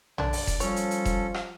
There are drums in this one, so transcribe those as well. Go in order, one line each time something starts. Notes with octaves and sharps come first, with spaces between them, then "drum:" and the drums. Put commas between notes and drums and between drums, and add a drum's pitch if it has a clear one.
D3 D4 D5, drum: tom A#1
drum: open hi-hat
drum: kick E1, hi-hat
F3 G3 C#4 A4 C#5, drum: hi-hat
drum: hi-hat
drum: hi-hat
drum: kick E1, hi-hat
drum: rim click